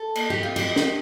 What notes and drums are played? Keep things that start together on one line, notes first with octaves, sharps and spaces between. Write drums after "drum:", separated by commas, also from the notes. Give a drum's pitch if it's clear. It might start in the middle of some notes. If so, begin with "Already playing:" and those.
Already playing: A4
A#3, drum: cymbal
G4
C4 F4
G4, drum: cymbal
D4, drum: snare